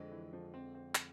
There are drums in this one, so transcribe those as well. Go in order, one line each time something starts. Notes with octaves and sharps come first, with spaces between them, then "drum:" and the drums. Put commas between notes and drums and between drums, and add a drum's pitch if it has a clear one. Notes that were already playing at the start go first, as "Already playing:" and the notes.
Already playing: F2 D3 G#3
E3
F3
C4
C4
drum: clap